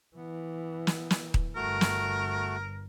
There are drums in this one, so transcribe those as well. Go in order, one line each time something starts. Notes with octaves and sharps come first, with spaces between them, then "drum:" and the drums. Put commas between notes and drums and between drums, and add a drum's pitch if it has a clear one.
E3 B3
drum: snare
drum: snare
drum: kick D#1
G1 A3 F#4 A#4
drum: snare